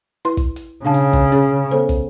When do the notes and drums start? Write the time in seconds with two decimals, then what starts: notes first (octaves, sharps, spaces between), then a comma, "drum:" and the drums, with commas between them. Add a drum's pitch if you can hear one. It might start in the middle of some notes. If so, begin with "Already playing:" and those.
0.25 E4 B4 C6
0.37 drum: kick, hi-hat
0.56 drum: hi-hat
0.85 C#3 D4 F5 A5
0.94 drum: hi-hat
1.13 drum: kick, hi-hat
1.32 C#4 G#4, drum: hi-hat
1.71 B3 A4 C5
1.89 drum: kick, hi-hat